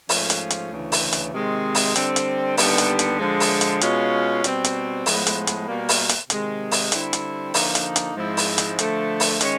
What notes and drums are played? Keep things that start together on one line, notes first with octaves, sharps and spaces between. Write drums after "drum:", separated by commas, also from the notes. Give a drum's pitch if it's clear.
G#2 F3 A3 C#4 F4, drum: open hi-hat
drum: hi-hat
drum: hi-hat
D2 C#3 E3
drum: open hi-hat
drum: hi-hat
C3 D#3 G#3 C4
drum: open hi-hat
D3 G3 C4, drum: hi-hat
drum: hi-hat
D#2 D3 G3 B3, drum: open hi-hat
drum: hi-hat
drum: hi-hat
D3 F3 G#3
drum: open hi-hat
drum: hi-hat
B2 G#3 C#4 F4, drum: hi-hat
B2 G3 C4, drum: hi-hat
drum: hi-hat
A2 F3 G#3 B3, drum: open hi-hat
drum: hi-hat
drum: hi-hat
B2 G3 A#3
drum: open hi-hat
drum: hi-hat
C3 D#3 G#3, drum: hi-hat
drum: open hi-hat
D3 G3 C4 E4, drum: hi-hat
drum: hi-hat
D3 F3 A#3 D#4, drum: open hi-hat
drum: hi-hat
drum: hi-hat
G#2 F3 G#3 C4 E4
drum: open hi-hat
drum: hi-hat
D3 F3 A3, drum: hi-hat
drum: open hi-hat
D#3 G#3 C#4, drum: hi-hat